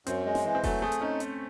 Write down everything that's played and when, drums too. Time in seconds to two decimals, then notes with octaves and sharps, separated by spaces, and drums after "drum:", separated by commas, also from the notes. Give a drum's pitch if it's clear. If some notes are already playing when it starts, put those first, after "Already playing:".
0.07 F#2 C4, drum: hi-hat
0.26 G#3
0.35 drum: snare
0.44 E3
0.55 C4
0.63 F#3 A3, drum: kick F1, open hi-hat
0.82 A3 G#4
0.92 drum: hi-hat
1.01 C#4 D#4
1.20 drum: hi-hat